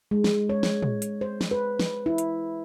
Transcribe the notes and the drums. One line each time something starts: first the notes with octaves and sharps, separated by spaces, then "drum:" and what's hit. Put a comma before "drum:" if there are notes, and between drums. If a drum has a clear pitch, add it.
G#3
drum: snare
C#5
drum: snare
drum: tom
drum: hi-hat
C5
drum: snare
B4
drum: snare
E4
drum: hi-hat